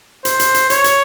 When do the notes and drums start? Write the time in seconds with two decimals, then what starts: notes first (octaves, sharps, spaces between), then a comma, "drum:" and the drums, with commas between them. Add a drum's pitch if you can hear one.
0.25 C5, drum: hi-hat
0.40 drum: hi-hat
0.54 drum: hi-hat
0.70 C#5, drum: hi-hat
0.84 drum: hi-hat